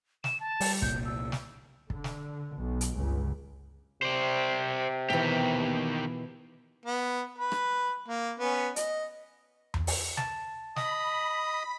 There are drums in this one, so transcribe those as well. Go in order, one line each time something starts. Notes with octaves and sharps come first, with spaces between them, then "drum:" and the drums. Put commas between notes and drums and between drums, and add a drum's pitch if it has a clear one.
E7, drum: snare
A5
G3, drum: open hi-hat
C2 A#2 G6, drum: kick
E6
drum: snare
D3, drum: kick
drum: snare
B1
drum: hi-hat
G1 C#2
C3 C5 D5
B2 D#3 E3 G4
B3
B4
drum: rim click
A#3
B3 C#4
D#5, drum: hi-hat
drum: tom E2
drum: open hi-hat
A5, drum: snare
D#5 B5 D#6, drum: snare